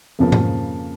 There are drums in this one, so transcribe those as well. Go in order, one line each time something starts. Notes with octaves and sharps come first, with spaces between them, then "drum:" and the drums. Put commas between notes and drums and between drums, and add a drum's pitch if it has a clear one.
F2 C#3 F3 A#3
drum: tom G#2